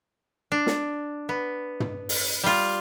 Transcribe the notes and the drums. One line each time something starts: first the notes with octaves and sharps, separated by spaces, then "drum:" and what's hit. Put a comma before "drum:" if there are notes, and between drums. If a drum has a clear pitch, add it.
D4
drum: snare
B3
drum: tom
drum: open hi-hat
G3 F4